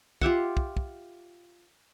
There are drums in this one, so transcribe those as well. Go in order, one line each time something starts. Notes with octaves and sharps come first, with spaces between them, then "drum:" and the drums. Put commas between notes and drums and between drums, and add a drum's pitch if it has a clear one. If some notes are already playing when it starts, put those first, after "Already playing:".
F4 G4 E5 F#5, drum: kick
drum: kick
drum: kick